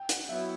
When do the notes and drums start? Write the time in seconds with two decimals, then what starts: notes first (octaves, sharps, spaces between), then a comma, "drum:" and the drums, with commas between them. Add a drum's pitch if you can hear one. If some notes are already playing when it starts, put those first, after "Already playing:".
Already playing: G5
0.09 F#5, drum: hi-hat
0.29 F#3 B3 E4 E5